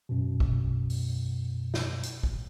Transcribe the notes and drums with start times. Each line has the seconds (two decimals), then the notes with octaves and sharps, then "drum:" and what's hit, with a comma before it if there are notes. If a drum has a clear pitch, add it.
0.09 F#2 B2
0.40 drum: kick
0.90 drum: open hi-hat
1.74 drum: snare
2.03 drum: hi-hat
2.23 drum: kick